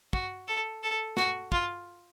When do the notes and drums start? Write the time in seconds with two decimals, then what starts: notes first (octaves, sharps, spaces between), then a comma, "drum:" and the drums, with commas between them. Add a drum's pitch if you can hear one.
0.13 F#4, drum: kick
0.48 A4
0.83 A4
1.17 F#4, drum: snare
1.52 F4, drum: kick